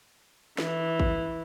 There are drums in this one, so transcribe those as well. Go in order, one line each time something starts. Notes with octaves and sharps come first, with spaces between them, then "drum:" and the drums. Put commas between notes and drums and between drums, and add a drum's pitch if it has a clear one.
E3, drum: snare
drum: kick